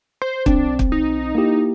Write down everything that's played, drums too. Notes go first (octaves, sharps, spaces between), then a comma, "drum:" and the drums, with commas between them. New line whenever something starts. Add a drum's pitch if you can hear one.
C5
B1 C4 D4, drum: kick
drum: kick
D#4
A#3 E4 G4